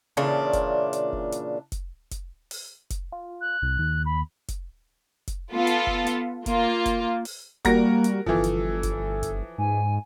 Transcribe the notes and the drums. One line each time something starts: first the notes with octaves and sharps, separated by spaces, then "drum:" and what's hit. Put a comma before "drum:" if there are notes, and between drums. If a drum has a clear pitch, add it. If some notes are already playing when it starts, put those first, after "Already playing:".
A#2 C#3 E3 D4
drum: kick F1, hi-hat
drum: hi-hat
drum: kick F1
drum: hi-hat
drum: kick F1, hi-hat
drum: kick F1, hi-hat
drum: open hi-hat
drum: kick F1, hi-hat
F4
F#6
C2
D#2
B5
drum: kick F1, hi-hat
drum: kick F1, hi-hat
B3 F4 A4
drum: hi-hat
drum: kick F1
drum: hi-hat
A#3 F4, drum: kick F1, hi-hat
drum: kick F1, hi-hat
drum: open hi-hat
G3 A#3 F#4 A#4 A#6, drum: kick F1, hi-hat
drum: hi-hat
G1 E3 F3 A4, drum: kick F1
drum: hi-hat
drum: kick F1, hi-hat
drum: kick F1, hi-hat
G#2 G#5